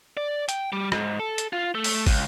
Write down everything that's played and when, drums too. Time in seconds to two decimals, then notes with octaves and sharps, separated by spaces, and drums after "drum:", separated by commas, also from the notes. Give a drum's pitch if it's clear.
0.17 D5
0.49 G5, drum: hi-hat
0.73 G3
0.92 G#2, drum: rim click
1.19 A4
1.38 drum: hi-hat
1.53 F4
1.75 A3
1.84 drum: open hi-hat
2.07 C#2, drum: kick, open hi-hat